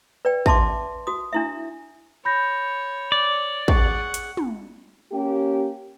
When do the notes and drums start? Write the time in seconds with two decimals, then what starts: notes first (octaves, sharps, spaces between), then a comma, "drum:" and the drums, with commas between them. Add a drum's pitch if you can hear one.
0.25 B4 D5 G5
0.46 E5 A5 C6 D6, drum: kick
1.07 F#4 D#6
1.33 D4 E4 E5
2.25 C#5 B5 G6 A#6
3.12 D5
3.68 G#4 F#5 C#6, drum: kick
4.14 drum: hi-hat
4.37 drum: tom
5.12 A#3 C#4 G4